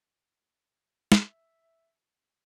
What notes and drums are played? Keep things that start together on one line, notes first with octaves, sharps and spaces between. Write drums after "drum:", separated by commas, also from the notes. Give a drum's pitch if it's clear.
E5, drum: snare